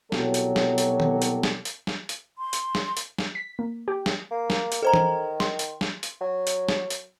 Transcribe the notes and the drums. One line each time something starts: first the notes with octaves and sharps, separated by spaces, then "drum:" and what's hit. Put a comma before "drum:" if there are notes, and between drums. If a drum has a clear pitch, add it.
C2 B2 F#3 G4 A4 C#5, drum: snare
drum: hi-hat
drum: snare
drum: hi-hat
drum: tom D#3
drum: hi-hat
drum: snare
drum: hi-hat
drum: snare
drum: hi-hat
C6
drum: hi-hat
drum: snare
drum: hi-hat
drum: snare
B6
A#3
G4
drum: snare
A#3
drum: snare
drum: hi-hat
D#3 A4 C5 A#5
drum: tom E3
C6, drum: snare
drum: hi-hat
drum: snare
drum: hi-hat
F#3
drum: hi-hat
drum: snare
drum: hi-hat